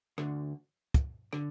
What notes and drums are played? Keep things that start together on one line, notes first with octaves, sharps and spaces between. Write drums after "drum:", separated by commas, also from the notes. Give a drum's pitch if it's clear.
D2 D3, drum: rim click
drum: kick, hi-hat
D3, drum: rim click